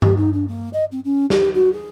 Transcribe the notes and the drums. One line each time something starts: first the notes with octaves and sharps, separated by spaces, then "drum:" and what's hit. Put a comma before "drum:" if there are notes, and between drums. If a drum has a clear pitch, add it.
G4, drum: tom G2
D#4
D4
A#3
D#5
C4
C#4
G4, drum: snare
F#4
G#4